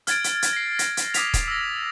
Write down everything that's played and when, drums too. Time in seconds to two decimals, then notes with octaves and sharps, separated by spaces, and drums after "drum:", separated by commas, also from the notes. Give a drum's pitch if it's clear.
0.07 F6 G#6 A6 D7, drum: hi-hat
0.24 drum: hi-hat
0.42 drum: hi-hat
0.53 A#6 C7
0.79 A#6, drum: hi-hat
0.97 drum: hi-hat
1.14 D6 D#6 B6 F7, drum: hi-hat
1.34 drum: kick, hi-hat
1.48 E6 A#6